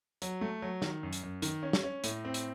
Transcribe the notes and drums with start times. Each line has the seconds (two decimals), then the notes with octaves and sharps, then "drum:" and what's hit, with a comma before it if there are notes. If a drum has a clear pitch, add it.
0.22 F#3, drum: hi-hat
0.41 A3
0.62 F#3
0.82 D#3, drum: snare
1.03 F#2
1.13 drum: hi-hat
1.23 F#2
1.42 D#3, drum: hi-hat
1.63 C#4
1.73 drum: snare
1.83 C#4
2.04 A2, drum: hi-hat
2.25 C4
2.34 drum: hi-hat